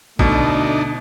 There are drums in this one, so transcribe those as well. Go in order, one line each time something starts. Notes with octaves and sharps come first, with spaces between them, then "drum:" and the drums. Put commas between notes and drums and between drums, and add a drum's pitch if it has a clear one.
D2 B2 A3 D4 D#4, drum: kick